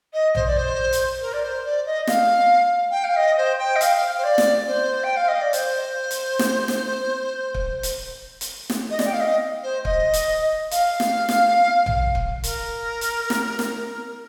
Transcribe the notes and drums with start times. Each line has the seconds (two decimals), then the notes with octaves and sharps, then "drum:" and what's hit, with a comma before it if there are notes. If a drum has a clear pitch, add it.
0.13 D#5
0.35 C5, drum: tom A#1
0.46 D5
0.57 C5
0.93 drum: hi-hat
1.21 A#4
1.33 D5
1.43 C5
1.65 D5
1.86 D#5
2.07 F5, drum: snare
2.91 G5
3.04 F5
3.16 D#5
3.37 C5
3.59 G5
3.76 D#5
3.81 F5, drum: hi-hat
4.18 C5
4.24 D5
4.38 drum: snare
4.67 C5
5.03 G5
5.16 F5
5.28 D#5
5.41 D5
5.53 C5, drum: hi-hat
6.11 drum: hi-hat
6.39 drum: snare
6.68 drum: snare
7.54 drum: kick
7.83 drum: hi-hat
8.41 drum: hi-hat
8.70 drum: snare
8.90 D#5
8.99 D5, drum: snare
9.06 G5
9.13 F5
9.20 D#5
9.63 C5
9.85 D#5, drum: kick
10.13 drum: hi-hat
10.71 F5, drum: hi-hat
11.00 drum: snare
11.29 drum: snare
11.86 drum: tom A#1
12.15 drum: kick
12.44 A#4, drum: hi-hat
13.01 drum: hi-hat
13.30 drum: snare
13.59 drum: snare